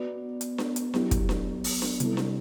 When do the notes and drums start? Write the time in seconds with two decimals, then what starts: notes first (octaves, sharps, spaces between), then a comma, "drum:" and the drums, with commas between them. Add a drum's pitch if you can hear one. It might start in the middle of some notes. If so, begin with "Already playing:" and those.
Already playing: B3 F#4 B4 D5
0.41 drum: hi-hat
0.58 drum: snare D4
0.76 drum: hi-hat
0.94 F#3 B3 E4 G4, drum: snare D4
1.11 drum: kick, hi-hat
1.29 drum: snare D4
1.64 drum: open hi-hat
1.82 drum: snare D4
2.00 C3 G3 B3 E4 A4, drum: hi-hat
2.17 drum: snare D4